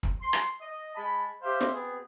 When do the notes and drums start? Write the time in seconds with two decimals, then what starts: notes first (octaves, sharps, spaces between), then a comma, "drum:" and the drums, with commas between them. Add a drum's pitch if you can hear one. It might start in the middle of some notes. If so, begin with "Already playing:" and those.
0.03 drum: kick
0.21 C6
0.33 drum: rim click
0.60 D#5
0.95 G#3 A5 B5
1.41 G4 C5 E5 F5
1.61 drum: snare
1.72 B2 B3 C4 G#4